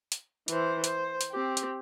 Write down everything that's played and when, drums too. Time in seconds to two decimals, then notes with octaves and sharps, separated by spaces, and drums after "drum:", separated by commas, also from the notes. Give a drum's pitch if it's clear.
0.12 drum: hi-hat
0.48 E3 C5, drum: hi-hat
0.84 C5, drum: hi-hat
1.21 drum: hi-hat
1.32 C4 G4
1.57 drum: hi-hat